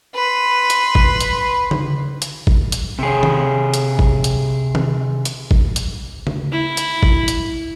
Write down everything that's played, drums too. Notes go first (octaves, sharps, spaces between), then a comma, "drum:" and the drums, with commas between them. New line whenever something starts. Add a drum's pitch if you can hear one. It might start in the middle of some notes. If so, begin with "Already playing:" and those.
B4 C6
drum: hi-hat
drum: kick G#1
drum: hi-hat
drum: tom C#3
drum: hi-hat
drum: kick G#1
drum: hi-hat
C3 G#4
drum: tom D#3
drum: hi-hat
drum: kick G#1
drum: hi-hat
drum: tom D#3
drum: hi-hat
drum: kick G#1
drum: hi-hat
drum: tom C#3
E4
drum: hi-hat
drum: kick G#1
drum: hi-hat